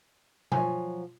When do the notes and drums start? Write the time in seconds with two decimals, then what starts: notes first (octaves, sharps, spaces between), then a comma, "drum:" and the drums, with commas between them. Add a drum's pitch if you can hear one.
0.52 F3 F#3 G#5, drum: tom B2